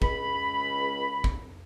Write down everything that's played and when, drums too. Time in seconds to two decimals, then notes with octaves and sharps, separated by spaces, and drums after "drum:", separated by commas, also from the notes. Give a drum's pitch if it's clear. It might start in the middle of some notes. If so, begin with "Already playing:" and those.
0.02 C#2 B5, drum: kick
1.24 drum: kick